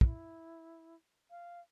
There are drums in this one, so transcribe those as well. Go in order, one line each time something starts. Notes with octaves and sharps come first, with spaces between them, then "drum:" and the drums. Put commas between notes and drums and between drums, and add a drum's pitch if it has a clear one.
E4, drum: kick
F5